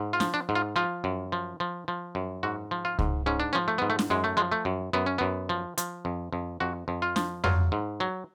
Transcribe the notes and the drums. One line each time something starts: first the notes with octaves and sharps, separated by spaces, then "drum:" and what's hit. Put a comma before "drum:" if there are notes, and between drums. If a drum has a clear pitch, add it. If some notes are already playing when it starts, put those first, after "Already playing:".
Already playing: G#2
F4
F3, drum: snare
D4
G#2
F4
F3 F4
F#2
F3
F3
F3
F#2
G#2 F#4
F3
F4
G#2, drum: kick C#2
G#2 C#4
D4
F3 C#4
A3
G#2 B3
A3
drum: snare
F#2 G#3
A3
F3 G#3
A3
F#2
F#2 B3
C#4
F#2 B3
F3
F3, drum: hi-hat
F2
F2
F2 F#4
F2
F4
F3, drum: snare
F#3 F4, drum: tom F2
G#2
F#3